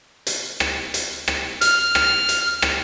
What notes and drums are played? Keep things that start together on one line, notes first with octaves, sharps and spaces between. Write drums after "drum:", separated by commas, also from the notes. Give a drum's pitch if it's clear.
drum: hi-hat
drum: rim click
drum: hi-hat
drum: rim click
F6, drum: hi-hat
drum: rim click
drum: hi-hat
drum: rim click